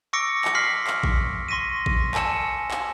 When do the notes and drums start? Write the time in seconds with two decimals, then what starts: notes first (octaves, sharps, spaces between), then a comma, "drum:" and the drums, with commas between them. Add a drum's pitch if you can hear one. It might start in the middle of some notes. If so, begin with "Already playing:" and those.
0.13 C#6 D6 E6 A#6 C#7 D7
0.45 drum: clap
0.55 C6 F6 B6 C7 F#7
0.87 drum: clap
1.03 C#6, drum: kick A1
1.48 C6 C#6 A#6 B6 D#7
1.86 drum: kick A1
2.14 G#5 A5 E6 C#7 E7, drum: clap
2.71 drum: clap